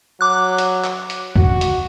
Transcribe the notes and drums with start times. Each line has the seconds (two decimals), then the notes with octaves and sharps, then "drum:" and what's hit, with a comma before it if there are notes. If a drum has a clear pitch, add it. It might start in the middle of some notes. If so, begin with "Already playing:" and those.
0.21 F#3 D6 F#6
0.58 drum: hi-hat
0.84 drum: clap
1.10 drum: hi-hat
1.36 F#4, drum: kick C#2
1.61 drum: hi-hat